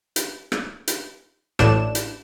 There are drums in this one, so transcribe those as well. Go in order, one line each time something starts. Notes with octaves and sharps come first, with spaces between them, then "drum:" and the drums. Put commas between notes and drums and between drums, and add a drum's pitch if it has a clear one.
drum: hi-hat
drum: rim click
drum: hi-hat
A1 A2 D4 E7, drum: rim click
drum: hi-hat